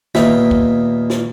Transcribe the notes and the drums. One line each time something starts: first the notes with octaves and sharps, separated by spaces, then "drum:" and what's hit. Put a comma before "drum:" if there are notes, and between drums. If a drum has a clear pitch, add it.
D#2 A#2 B3 D#4 E5 G5, drum: snare
drum: kick
drum: snare